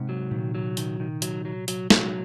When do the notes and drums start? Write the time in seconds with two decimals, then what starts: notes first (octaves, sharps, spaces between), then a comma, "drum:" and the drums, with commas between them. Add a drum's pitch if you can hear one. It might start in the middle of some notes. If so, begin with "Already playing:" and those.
Already playing: G#2 C3
0.09 F#3
0.31 A#2 D#3
0.55 F#3
0.77 D#3, drum: hi-hat
1.00 D#3
1.22 F#3, drum: hi-hat
1.45 F#3
1.68 F#3, drum: hi-hat
1.90 F#3, drum: snare